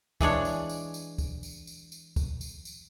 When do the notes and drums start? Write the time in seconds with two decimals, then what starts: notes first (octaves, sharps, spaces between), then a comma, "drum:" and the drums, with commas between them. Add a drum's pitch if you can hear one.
0.21 E3 G#3 D4 C#5, drum: kick, tambourine
0.45 drum: tambourine
0.69 drum: tambourine
0.94 drum: tambourine
1.18 drum: kick, tambourine
1.43 drum: tambourine
1.67 drum: tambourine
1.92 drum: tambourine
2.16 drum: kick, tambourine
2.41 drum: tambourine
2.65 drum: tambourine